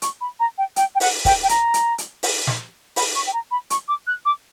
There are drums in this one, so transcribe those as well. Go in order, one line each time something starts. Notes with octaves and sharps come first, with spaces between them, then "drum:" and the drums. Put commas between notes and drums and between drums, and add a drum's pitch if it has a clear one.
C#6, drum: hi-hat
B5
A#5
G5
G5, drum: hi-hat
G5
F#5, drum: open hi-hat
G5, drum: kick, open hi-hat
G5
A#5, drum: hi-hat
drum: hi-hat
drum: hi-hat
drum: open hi-hat
drum: snare
B5, drum: open hi-hat
C#6
G5
A#5
B5
C#6, drum: hi-hat
D6
F#6
D6